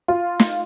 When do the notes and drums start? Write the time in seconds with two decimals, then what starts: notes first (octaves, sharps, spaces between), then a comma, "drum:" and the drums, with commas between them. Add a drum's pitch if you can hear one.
0.08 F4
0.40 drum: snare